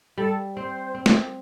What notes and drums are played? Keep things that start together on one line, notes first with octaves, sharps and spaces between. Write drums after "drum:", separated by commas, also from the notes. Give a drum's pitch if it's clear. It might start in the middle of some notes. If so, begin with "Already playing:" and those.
G3 A4
C4 C5
C4
drum: snare